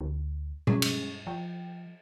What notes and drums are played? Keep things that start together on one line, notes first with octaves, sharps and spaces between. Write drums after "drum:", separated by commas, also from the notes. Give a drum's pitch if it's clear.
D2
G2 G#3 C#4 G#4, drum: tom B2
drum: cymbal
F3 G5